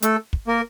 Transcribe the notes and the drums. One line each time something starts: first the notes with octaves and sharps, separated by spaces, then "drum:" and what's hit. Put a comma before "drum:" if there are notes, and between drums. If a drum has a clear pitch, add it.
A3 A4, drum: hi-hat
drum: kick
A#3 A#4